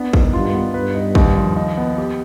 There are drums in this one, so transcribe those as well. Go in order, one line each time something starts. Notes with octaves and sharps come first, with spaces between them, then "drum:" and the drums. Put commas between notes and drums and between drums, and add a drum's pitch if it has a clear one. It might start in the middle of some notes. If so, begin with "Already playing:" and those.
Already playing: B3 D4
D#3, drum: kick
G2 F4
B3
G2 B4
D#4
D#2, drum: kick
F3
D#4
B3
G4